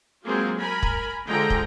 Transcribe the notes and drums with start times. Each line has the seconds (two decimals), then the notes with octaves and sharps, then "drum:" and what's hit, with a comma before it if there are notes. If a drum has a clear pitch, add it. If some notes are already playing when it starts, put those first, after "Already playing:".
0.24 F#3 G#3 A#3 C4 F4 G#4
0.60 A#4 G#5 A#5 B5
0.83 drum: kick
1.28 D3 F3 G#3 G#4 G5 A#5
1.50 drum: kick